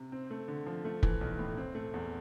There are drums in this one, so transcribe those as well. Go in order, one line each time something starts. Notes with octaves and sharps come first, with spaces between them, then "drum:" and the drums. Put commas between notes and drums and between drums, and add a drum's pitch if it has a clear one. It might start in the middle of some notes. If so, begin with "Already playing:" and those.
Already playing: C3
C4
A3
D3
F3
A3
E3, drum: kick
B1
A2
C4
A3
E2